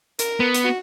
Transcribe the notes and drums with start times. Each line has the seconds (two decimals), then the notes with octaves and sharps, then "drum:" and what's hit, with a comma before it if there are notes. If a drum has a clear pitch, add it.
0.19 A#4, drum: hi-hat
0.40 B3
0.54 drum: hi-hat
0.64 F#4